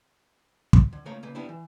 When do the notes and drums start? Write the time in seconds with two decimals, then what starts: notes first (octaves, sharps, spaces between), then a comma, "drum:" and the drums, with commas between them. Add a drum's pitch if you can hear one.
0.73 drum: kick
0.93 D3
1.06 C#2 A3 A#3 A#4 C#5 F5
1.23 C#3 A#3 B4
1.35 G3 B3 D4 E4
1.49 E3